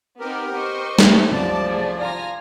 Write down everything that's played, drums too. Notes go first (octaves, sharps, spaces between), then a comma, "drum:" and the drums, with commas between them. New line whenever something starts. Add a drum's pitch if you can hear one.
B3 C4 D#4 G4 A#4
C5 D#5 C#6
A3 C4, drum: snare
C2 F#2 F3 D5 A5
A3 G#4
F5 G#5 A#5 C6 A#6